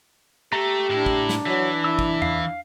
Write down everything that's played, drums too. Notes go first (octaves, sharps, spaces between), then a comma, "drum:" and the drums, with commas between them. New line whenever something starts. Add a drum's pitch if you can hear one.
A3 G4 A4 A#5
A2 D4 E4
drum: kick
drum: snare
E3 F#3
E4 E6
drum: kick
F5, drum: tom E2